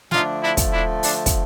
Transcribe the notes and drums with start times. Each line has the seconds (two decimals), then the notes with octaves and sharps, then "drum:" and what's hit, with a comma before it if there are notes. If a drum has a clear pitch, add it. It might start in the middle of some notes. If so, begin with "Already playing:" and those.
0.11 D3 F3 A3 D4 D#4 F4, drum: snare
0.42 D4 E4
0.57 drum: kick, hi-hat
0.73 D4 E4
1.03 D4, drum: open hi-hat
1.26 drum: kick, hi-hat